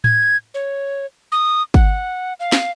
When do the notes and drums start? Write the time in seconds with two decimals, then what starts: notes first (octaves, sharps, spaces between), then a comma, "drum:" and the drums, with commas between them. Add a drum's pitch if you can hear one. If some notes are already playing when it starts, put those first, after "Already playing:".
0.04 G#6, drum: tom A2
0.54 C#5
1.32 D#6
1.74 F#5, drum: kick
2.40 F5
2.52 drum: snare